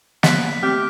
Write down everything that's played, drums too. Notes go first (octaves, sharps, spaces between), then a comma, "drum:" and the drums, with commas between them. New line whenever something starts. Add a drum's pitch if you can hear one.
F#3 A#3 B3 F#6 B6, drum: snare
A3 C4 G4 F6